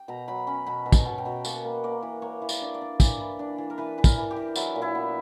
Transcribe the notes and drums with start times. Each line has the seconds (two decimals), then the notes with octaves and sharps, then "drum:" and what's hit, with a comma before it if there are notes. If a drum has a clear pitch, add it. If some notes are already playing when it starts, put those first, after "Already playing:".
Already playing: G5
0.08 B2 A#5
0.28 F#3 B5
0.47 C#4 B5
0.66 B2 B5
0.86 B2
0.92 A#5, drum: kick, tambourine
1.06 B2
1.18 G5
1.25 B2
1.45 A#3 F#5, drum: tambourine
1.64 A#3
1.84 A#3 D5
2.02 E3
2.22 A#3 C#5
2.42 E3
2.49 D5, drum: tambourine
2.62 D4
2.74 D5
2.82 D4
3.00 E3, drum: kick, tambourine
3.20 E3
3.39 D4
3.58 E3
3.70 A#4
3.78 E3 B4
3.98 E3 B4
4.04 A#4, drum: kick, tambourine
4.18 E3
4.31 G4
4.36 E3
4.56 F#3 E4, drum: tambourine
4.76 A#2
4.82 E4
4.95 B3